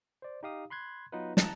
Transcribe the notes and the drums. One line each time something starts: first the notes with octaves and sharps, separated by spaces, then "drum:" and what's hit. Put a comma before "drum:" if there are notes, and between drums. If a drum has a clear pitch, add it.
C5 D5
D#4 G4 F5 D#6
B5 C6 F#6 G#6
F#3 B3 D#4 F4 B4
A5 A#5 F#6, drum: snare